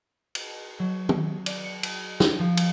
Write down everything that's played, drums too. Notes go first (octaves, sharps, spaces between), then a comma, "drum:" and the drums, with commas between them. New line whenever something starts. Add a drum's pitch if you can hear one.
drum: cymbal
F#3
drum: tom
D5, drum: cymbal
C#7
drum: cymbal
drum: snare
F3
drum: cymbal